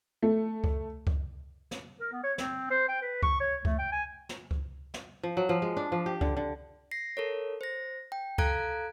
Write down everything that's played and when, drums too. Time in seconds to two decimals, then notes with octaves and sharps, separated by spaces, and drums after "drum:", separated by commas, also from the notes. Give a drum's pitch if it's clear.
0.23 A3
0.64 drum: kick C#2
1.07 drum: kick C#2
1.71 drum: snare
2.00 A#4
2.12 B3
2.23 C#5
2.38 C4, drum: snare
2.71 C5
2.88 G5
3.02 B4
3.22 C#6, drum: kick C#2
3.40 C#5
3.65 A3, drum: kick C#2
3.79 G5
3.92 G#5
4.29 drum: snare
4.51 drum: kick C#2
4.94 drum: snare
5.23 F3
5.37 F#3
5.49 F3
5.62 G#3
5.77 D4
5.92 F3
6.06 G4
6.21 D3, drum: kick C#2
6.37 D3
6.91 A#6 C7
7.17 A4 A#4 C#5
7.61 C5 A#6
8.12 G5
8.38 A4 F5 A#5 F#6 G#6 D7, drum: kick C#2